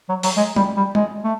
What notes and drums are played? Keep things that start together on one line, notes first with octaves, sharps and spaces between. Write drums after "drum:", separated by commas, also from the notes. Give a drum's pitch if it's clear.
F#3
F#3, drum: open hi-hat
G#3
G3, drum: tom G#3
G3
G#3, drum: tom G#3
A3